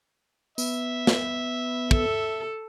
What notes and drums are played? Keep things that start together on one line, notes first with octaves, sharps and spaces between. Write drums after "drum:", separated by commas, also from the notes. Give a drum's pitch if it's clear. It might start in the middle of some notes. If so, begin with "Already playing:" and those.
B3 E5, drum: tambourine
drum: snare
A4, drum: kick